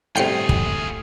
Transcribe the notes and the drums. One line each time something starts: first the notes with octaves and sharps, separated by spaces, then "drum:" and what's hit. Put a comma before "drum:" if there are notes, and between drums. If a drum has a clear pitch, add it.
G1 A2 C3 F4 G#4 G5 C7 C#7
drum: kick